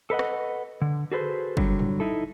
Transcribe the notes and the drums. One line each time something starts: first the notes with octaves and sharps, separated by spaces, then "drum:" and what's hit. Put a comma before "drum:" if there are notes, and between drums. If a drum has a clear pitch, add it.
A4 B4 D#5 F#5
drum: rim click
D3
F#4 G#4 A4 B4 C5
D3 F#3 G3, drum: kick
drum: tom G#2
D#4 E4 A4